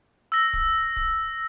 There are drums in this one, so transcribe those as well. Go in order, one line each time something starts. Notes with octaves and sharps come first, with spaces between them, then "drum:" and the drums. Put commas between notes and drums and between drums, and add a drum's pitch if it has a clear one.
E6 A#6
drum: kick
drum: kick